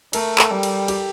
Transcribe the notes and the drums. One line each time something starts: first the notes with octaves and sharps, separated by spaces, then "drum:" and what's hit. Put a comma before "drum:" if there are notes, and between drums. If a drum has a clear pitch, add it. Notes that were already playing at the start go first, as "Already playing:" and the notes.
A3 A#4, drum: cymbal
A4, drum: clap
G3
drum: cymbal
G4, drum: cymbal